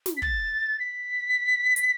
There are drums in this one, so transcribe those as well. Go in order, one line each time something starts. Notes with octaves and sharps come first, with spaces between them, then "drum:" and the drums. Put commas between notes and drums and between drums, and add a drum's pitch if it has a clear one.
drum: snare
B6
A6, drum: kick
B6
drum: hi-hat